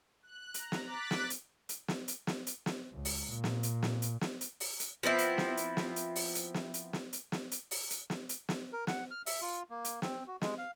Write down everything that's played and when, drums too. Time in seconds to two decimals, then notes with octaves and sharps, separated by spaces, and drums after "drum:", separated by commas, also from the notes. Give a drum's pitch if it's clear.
0.23 F#6
0.54 A#5, drum: hi-hat
0.72 drum: snare
0.85 D6 F#6 A6 B6
1.11 drum: snare
1.30 drum: hi-hat
1.69 drum: hi-hat
1.88 drum: snare
2.08 drum: hi-hat
2.27 drum: snare
2.47 drum: hi-hat
2.66 drum: snare
2.93 C#2
3.05 drum: open hi-hat
3.30 A#2
3.44 drum: snare
3.63 drum: hi-hat
3.83 drum: snare
4.02 drum: hi-hat
4.21 drum: snare
4.41 drum: hi-hat
4.60 drum: open hi-hat
4.80 drum: hi-hat
5.03 F3 B3 C4 E4
5.18 drum: hi-hat
5.38 drum: snare
5.57 drum: hi-hat
5.77 drum: snare
5.96 drum: hi-hat
6.16 drum: open hi-hat
6.35 drum: hi-hat
6.54 drum: snare
6.74 drum: hi-hat
6.93 drum: snare
7.13 drum: hi-hat
7.32 drum: snare
7.51 drum: hi-hat
7.71 drum: open hi-hat
7.90 drum: hi-hat
8.10 drum: snare
8.29 drum: hi-hat
8.49 drum: snare
8.73 A#4
8.87 F#5, drum: snare
9.11 F6
9.26 E5, drum: open hi-hat
9.42 F4
9.70 A#3
9.85 drum: hi-hat
10.02 C4, drum: snare
10.27 F#4
10.42 G#3, drum: snare
10.58 F5